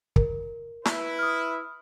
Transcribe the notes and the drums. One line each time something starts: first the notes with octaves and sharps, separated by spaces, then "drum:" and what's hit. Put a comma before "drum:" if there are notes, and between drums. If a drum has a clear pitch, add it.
A#4, drum: kick
E4 B4, drum: snare
D#6 F6